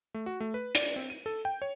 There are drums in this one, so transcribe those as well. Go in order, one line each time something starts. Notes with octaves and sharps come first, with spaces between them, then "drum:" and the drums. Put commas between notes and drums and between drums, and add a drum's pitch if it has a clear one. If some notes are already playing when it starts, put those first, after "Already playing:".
A3
F#4
A3
B4
D5, drum: hi-hat
C4
D#7
A4
G5
C#5